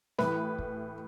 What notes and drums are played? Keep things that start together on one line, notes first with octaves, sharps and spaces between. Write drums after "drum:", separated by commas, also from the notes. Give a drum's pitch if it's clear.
A2 E3 B4 B5, drum: snare
drum: kick